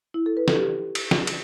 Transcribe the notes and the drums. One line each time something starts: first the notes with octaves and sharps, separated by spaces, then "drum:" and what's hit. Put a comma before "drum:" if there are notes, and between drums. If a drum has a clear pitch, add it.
E4
A4
B4
A4, drum: snare
G4
drum: cymbal
drum: snare
drum: cymbal